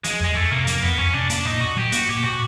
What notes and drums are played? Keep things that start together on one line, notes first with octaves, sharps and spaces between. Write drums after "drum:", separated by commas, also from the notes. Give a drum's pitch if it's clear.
F3 G#3, drum: hi-hat
F2 G#3
F2 A3
C3 A#3
F3 A#3, drum: hi-hat
F2 B3
F2 C#4
C3 D4
A#3 D4, drum: hi-hat
A#2 D#4
A#2 F#4
F#3 G4
A#3 F#4, drum: hi-hat
A#2 G4
A#2 F#4